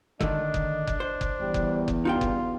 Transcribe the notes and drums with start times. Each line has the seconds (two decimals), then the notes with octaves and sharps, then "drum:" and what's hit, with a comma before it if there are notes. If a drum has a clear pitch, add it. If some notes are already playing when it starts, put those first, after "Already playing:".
0.21 D3 D#3 A3 D4 D#5, drum: kick F#1
0.54 drum: kick F#1
0.87 drum: kick F#1
1.00 C5
1.21 drum: kick F#1
1.40 E2 G3
1.54 drum: kick F#1
1.88 drum: kick F#1
2.05 G2 D#4 F4 F#4 G5
2.21 drum: kick F#1